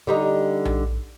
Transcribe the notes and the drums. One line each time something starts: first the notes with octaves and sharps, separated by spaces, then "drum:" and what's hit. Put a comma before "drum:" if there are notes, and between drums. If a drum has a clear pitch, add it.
D3 G3 D#4
drum: tom A#1